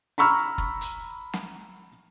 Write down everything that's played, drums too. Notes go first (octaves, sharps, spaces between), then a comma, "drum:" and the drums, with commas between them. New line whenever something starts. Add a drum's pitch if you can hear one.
A#5 B5 C#6 E6 F6
drum: kick
drum: hi-hat
drum: snare